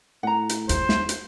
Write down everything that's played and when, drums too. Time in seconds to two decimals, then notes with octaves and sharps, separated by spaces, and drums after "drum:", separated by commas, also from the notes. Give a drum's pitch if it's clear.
0.23 A2 F#5 A#5
0.49 drum: hi-hat
0.69 E2 C5, drum: hi-hat
0.89 drum: snare
1.09 drum: hi-hat